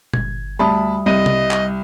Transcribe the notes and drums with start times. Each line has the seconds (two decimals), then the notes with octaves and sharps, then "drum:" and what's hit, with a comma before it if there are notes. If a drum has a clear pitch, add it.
0.14 G1 G#6, drum: tom A#2
0.59 D2 G3 E5 A5 B5 D#6
1.06 C2 D#5 D#7
1.26 drum: tom C3
1.51 drum: clap